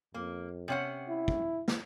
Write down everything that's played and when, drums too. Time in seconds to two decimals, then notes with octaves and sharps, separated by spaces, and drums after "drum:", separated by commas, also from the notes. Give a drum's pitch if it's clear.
0.14 F2 A#3
0.68 C3 C#4 F#5
1.08 E4
1.28 drum: kick
1.68 drum: snare